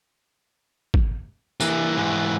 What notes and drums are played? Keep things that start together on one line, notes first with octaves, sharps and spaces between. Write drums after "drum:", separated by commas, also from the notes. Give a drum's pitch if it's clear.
drum: kick
E3 A#3, drum: tambourine
G#2 E3